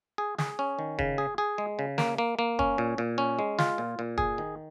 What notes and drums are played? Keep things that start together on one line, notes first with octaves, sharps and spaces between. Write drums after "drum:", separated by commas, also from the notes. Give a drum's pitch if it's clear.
G#4
G#4, drum: snare
C#4
D#3
C#3, drum: kick
G#4
G#4
G#3
C#3
A#3, drum: snare
A#3
A#3
C#4, drum: kick
A#2
A#2
C#4
G#3
F4, drum: snare
A#2
A#2
G#4, drum: kick
D#3